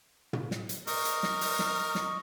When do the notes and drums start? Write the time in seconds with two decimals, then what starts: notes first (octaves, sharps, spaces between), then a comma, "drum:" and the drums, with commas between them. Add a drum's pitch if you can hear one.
0.33 drum: tom
0.51 drum: snare
0.69 drum: hi-hat
0.87 A#4 D#5 C#6, drum: open hi-hat
1.05 drum: hi-hat
1.23 drum: snare
1.41 drum: open hi-hat
1.59 drum: snare
1.95 drum: snare